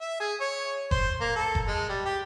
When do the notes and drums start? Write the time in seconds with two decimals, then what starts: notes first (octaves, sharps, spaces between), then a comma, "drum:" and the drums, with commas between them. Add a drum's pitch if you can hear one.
0.01 E5
0.20 G#4
0.41 C#5
0.91 C5, drum: kick F#1
1.21 A#3
1.36 A4
1.55 drum: kick F#1
1.68 G#3
1.89 G3
2.05 G4